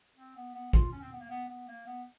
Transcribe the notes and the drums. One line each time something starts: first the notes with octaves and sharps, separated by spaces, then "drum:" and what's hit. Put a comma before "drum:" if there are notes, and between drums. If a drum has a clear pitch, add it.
C4
B3
B3
F4, drum: kick
C#4
C4
B3
A#3
B3
B3
A#3
B3